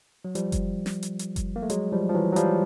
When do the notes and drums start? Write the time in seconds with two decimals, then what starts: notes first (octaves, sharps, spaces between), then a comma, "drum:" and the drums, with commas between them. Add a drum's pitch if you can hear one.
0.25 F#3
0.35 F3 G3, drum: hi-hat
0.52 drum: kick F#1, hi-hat
0.86 drum: snare
1.03 drum: hi-hat
1.19 drum: hi-hat
1.36 drum: kick F#1, hi-hat
1.56 A#3
1.62 A3
1.70 F#3 G#3, drum: hi-hat
1.92 F3 G3
2.09 F3
2.15 E3 F#3
2.32 F#3
2.36 F3 G3, drum: hi-hat